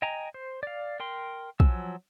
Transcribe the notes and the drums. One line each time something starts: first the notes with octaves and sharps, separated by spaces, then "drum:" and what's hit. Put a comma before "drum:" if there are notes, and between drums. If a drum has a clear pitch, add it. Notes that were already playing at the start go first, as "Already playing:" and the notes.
D#5 G5 G#5 A#5
C5
D5 F5
A#4 G5 C6
F3 F#3 G#5 E6, drum: kick